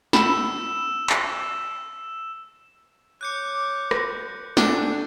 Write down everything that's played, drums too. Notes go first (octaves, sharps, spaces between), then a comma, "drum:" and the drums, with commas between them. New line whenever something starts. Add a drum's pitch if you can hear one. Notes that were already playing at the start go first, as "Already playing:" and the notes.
B5 E6 E7, drum: snare
drum: clap
C#5 D6 F#6 G6 C#7
drum: rim click
D4 A4 G#5, drum: snare